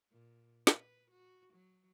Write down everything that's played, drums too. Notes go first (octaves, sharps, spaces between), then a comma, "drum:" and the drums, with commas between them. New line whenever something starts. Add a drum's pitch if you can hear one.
A#2
B4, drum: snare
F#4
F#3